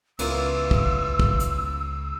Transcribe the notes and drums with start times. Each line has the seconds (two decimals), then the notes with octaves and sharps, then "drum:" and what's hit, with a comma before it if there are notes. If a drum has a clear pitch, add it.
0.19 C#2 E3 B3 C#4 F4 A#4 E6, drum: cymbal
0.71 drum: kick
1.19 drum: kick
1.40 drum: hi-hat